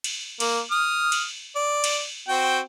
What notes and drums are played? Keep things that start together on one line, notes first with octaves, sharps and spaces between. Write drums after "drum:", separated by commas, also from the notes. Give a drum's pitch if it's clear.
drum: cymbal
A#3, drum: cymbal
D#6 F6
drum: cymbal
D5
drum: cymbal
C4 F#4 G5